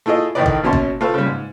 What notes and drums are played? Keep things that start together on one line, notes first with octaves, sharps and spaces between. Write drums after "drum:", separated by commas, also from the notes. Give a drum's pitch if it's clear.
A3 E4 F4 G#4 D#5
A1 A2 D#3 D#4 B4 D5
drum: kick
A#1 B2 F#3 C#4 A5 C6
drum: kick
A3 C4 F4 B4 F5
C#3 G3
G#2